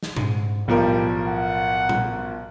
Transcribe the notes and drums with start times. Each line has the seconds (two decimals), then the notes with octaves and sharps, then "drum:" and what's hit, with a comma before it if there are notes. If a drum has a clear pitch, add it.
0.03 drum: snare
0.16 G#2, drum: tom A#2
0.68 B1 A2 F3 G3 A#4
1.28 F#5
1.89 drum: tom